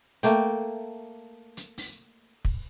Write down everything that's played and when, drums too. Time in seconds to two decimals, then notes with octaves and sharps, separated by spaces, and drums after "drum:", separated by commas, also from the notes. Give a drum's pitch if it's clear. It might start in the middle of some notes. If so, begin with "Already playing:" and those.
0.23 A3 A#3 G5, drum: hi-hat
1.57 drum: hi-hat
1.78 drum: open hi-hat
2.45 drum: kick